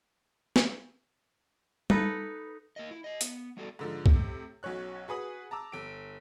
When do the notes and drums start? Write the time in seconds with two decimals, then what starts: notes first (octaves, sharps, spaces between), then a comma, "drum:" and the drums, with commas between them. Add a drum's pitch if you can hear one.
0.56 drum: snare
1.90 D#4 A4 B4, drum: tom G3
2.76 A#3 A#4 D#5
2.91 E4
3.04 G4 D#5
3.21 B3, drum: hi-hat
3.57 G3 B3 F#4 A4 D5
3.79 G#2 D3 F3
4.06 A2 C3, drum: kick C2
4.63 B1 F#3 C#4 C#5 F#6
5.08 F#4 G#4 B4 D#6 F#7
5.51 A5 A#5 D6 E6
5.72 G1 D7